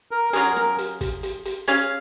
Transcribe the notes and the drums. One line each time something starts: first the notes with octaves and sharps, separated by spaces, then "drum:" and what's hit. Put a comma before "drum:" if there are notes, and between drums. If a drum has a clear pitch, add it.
A#4
F#3 C#4 F4 G#4 A#4, drum: hi-hat
A#4, drum: rim click
drum: hi-hat
drum: kick, hi-hat
drum: hi-hat
drum: hi-hat
C#4 G#4 C#5 F5, drum: hi-hat